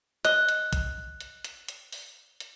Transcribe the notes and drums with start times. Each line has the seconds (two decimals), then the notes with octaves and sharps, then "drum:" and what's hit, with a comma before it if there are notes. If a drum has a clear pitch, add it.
0.25 D#5 F#6, drum: hi-hat
0.49 drum: hi-hat
0.73 drum: kick A#1, hi-hat
1.21 drum: hi-hat
1.45 drum: hi-hat
1.69 drum: hi-hat
1.92 drum: open hi-hat
2.40 drum: hi-hat